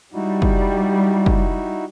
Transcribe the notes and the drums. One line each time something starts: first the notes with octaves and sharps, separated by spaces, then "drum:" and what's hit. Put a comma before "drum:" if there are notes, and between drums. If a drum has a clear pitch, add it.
G3 D#4 E4 F#4
drum: kick
drum: kick